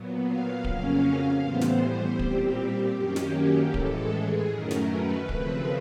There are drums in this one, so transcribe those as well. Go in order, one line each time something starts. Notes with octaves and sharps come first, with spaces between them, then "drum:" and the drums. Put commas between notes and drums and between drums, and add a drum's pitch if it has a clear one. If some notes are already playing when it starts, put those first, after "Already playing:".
Already playing: A#2 F#3 B3
F5
F2 C#3 F#3 A#3 C#4 F5, drum: kick D1
A2 E3 G3 B3 C5
drum: snare
A#2 G3 C4 G4, drum: kick D1
F#2 D#3 F#3 A#3 C#4 G4
drum: snare
A2 E3 G#3 A4, drum: kick D1
G#4
F#2 D#3 F#3 A3 C#4 A#4
drum: snare
B4
D#2 C#3 F3 A3 C4, drum: kick D1